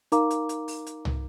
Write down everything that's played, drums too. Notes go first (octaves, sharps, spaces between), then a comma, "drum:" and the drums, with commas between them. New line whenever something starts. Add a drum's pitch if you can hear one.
D#4 A#4 F5 A#5 D6, drum: hi-hat
drum: hi-hat
drum: hi-hat
drum: open hi-hat
drum: hi-hat
drum: tom C2